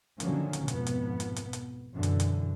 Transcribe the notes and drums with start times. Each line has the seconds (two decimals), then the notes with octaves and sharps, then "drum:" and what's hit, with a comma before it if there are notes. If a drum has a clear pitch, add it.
0.20 D3 D#3 F3 F#3 A#3 C#4, drum: hi-hat
0.53 drum: hi-hat
0.68 G#1 F2 B2 F3 B3, drum: hi-hat
0.87 drum: hi-hat
1.20 drum: hi-hat
1.36 drum: hi-hat
1.53 drum: hi-hat
1.94 F#2 B2 D3 E3
2.03 drum: hi-hat
2.20 drum: hi-hat